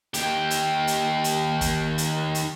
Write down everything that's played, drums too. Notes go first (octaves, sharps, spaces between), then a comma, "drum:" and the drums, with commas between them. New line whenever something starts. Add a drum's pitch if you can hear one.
D#2 G4, drum: hi-hat
drum: hi-hat
drum: hi-hat
drum: hi-hat
drum: kick, hi-hat
drum: hi-hat
drum: hi-hat